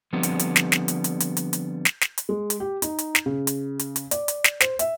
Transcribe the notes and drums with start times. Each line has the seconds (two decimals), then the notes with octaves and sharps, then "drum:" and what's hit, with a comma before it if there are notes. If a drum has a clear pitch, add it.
0.13 D3 F3 G3 B3 C4
0.23 drum: hi-hat
0.39 drum: hi-hat
0.56 drum: snare
0.72 drum: snare
0.88 drum: hi-hat
1.04 drum: hi-hat
1.20 drum: hi-hat
1.37 drum: hi-hat
1.53 drum: hi-hat
1.85 drum: snare
2.01 drum: snare
2.18 drum: hi-hat
2.29 G#3
2.50 drum: hi-hat
2.60 G4
2.82 D#4, drum: hi-hat
2.99 drum: hi-hat
3.15 drum: snare
3.26 C#3
3.47 drum: hi-hat
3.79 drum: hi-hat
3.96 drum: hi-hat
4.11 D5, drum: hi-hat
4.28 drum: hi-hat
4.44 drum: snare
4.60 C5, drum: snare
4.79 E5, drum: hi-hat